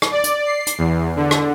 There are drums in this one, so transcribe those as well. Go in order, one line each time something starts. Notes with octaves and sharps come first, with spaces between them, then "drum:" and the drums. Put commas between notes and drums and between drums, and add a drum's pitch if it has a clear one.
drum: rim click
D5
drum: hi-hat
C7
drum: hi-hat
E2
D3
drum: rim click